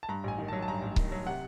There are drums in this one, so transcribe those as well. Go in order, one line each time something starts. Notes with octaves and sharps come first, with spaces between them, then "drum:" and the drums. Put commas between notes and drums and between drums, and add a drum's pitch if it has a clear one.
A5
G2 A#5
A1 G#5
D#3
F#3 A5
A5
G2 A#5
A1
D#3, drum: kick C#1
F#3
C3 F#5